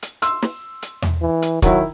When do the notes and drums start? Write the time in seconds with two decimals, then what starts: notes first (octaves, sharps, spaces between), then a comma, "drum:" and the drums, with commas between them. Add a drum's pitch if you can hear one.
0.02 drum: hi-hat
0.22 C6 E6, drum: hi-hat
0.42 drum: snare
0.82 drum: hi-hat
1.02 drum: tom E2
1.22 E3
1.42 drum: hi-hat
1.62 D#3 F#3 E4, drum: kick, hi-hat